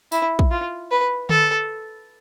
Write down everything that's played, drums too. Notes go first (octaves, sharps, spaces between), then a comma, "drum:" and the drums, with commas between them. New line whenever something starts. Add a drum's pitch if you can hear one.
E4, drum: tambourine
drum: kick
F4
B4
A4, drum: tom D3